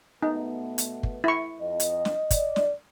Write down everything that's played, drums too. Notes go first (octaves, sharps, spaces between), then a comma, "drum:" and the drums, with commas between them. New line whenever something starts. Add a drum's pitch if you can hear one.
B2 A3 B3 D#4
drum: hi-hat
drum: kick
E4 C#6
F2 D#5
drum: hi-hat
drum: snare
D5, drum: kick, hi-hat
drum: snare